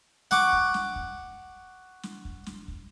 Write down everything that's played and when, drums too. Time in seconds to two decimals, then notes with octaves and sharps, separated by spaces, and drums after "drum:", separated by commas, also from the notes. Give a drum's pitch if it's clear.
0.31 F#5 C#6 D6, drum: snare
0.53 drum: kick
0.74 drum: snare
0.96 drum: kick
2.03 drum: snare
2.25 drum: kick
2.46 drum: snare
2.68 drum: kick